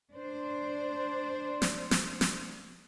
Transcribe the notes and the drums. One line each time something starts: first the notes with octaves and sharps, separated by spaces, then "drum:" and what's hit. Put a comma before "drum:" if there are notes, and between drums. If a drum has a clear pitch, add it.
D4 C5
drum: snare
drum: snare
drum: snare